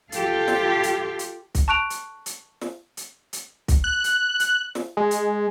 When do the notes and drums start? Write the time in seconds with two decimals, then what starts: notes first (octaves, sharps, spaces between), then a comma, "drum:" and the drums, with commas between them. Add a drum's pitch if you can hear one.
0.12 F4 G4 A4 F5, drum: hi-hat
0.48 drum: snare
0.83 drum: hi-hat
1.19 drum: hi-hat
1.55 drum: kick, hi-hat
1.68 A5 C#6 F#6 D7 F7
1.90 drum: hi-hat
2.26 drum: hi-hat
2.61 drum: snare
2.97 drum: hi-hat
3.33 drum: hi-hat
3.68 drum: kick, hi-hat
3.84 F#6
4.04 drum: hi-hat
4.40 drum: hi-hat
4.75 drum: snare
4.97 G#3
5.11 drum: hi-hat